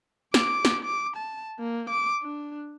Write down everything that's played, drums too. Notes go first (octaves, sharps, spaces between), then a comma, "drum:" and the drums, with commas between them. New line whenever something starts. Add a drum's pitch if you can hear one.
D6, drum: snare
drum: snare
D6
A5
A#3
D6
D4